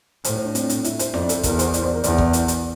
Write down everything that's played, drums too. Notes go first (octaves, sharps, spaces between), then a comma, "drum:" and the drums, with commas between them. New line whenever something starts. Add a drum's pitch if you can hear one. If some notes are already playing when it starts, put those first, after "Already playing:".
A2 C5, drum: hi-hat
C5
D4
C4, drum: hi-hat
D4, drum: hi-hat
E4, drum: hi-hat
C5, drum: hi-hat
F2 D5, drum: snare F4
A4, drum: hi-hat
E2 A#4, drum: kick G#1, hi-hat
C5, drum: hi-hat
D5, drum: hi-hat
C5
A#4
E2 D5, drum: hi-hat
drum: kick G#1
drum: hi-hat
drum: hi-hat